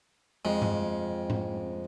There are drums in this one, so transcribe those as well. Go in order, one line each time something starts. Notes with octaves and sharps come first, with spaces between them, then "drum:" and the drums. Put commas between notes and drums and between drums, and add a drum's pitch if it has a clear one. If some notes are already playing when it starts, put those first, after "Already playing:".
F2 G#3
drum: tom G2
drum: tom G#2